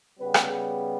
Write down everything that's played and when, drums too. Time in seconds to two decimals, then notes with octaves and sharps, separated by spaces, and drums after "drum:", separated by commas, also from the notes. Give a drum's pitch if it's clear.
0.19 C#3 G3 B3 B4
0.34 drum: rim click